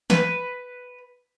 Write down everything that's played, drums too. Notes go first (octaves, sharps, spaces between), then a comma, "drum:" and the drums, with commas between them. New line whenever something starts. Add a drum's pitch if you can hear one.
B4, drum: snare